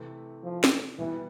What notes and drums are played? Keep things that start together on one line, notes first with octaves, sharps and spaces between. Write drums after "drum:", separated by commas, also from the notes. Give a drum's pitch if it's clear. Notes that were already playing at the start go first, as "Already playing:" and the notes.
Already playing: C3 E3 A3
F3
drum: snare
B2 E3 G3 B3